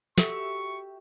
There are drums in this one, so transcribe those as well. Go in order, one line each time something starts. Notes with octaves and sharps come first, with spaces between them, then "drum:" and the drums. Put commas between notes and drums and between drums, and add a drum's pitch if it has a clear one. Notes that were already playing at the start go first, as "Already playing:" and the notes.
F#4 G4 A4 E5 C#6, drum: snare